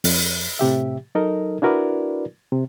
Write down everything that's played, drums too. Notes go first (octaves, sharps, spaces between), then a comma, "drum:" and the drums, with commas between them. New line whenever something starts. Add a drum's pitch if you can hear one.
F2, drum: open hi-hat
A2 C3 G4 E5
F#3 D#4 A4 A#4 D#5
D4 E4 F#4 A#4 B4 D5
C3